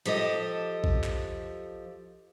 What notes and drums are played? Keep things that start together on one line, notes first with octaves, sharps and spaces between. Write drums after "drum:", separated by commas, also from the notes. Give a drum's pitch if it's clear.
F3 G4 A4 D#5, drum: hi-hat
drum: kick A#1
drum: clap